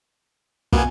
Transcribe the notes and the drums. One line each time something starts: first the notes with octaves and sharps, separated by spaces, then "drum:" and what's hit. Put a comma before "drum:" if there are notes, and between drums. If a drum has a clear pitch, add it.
B2 A#3 B3 G#5, drum: kick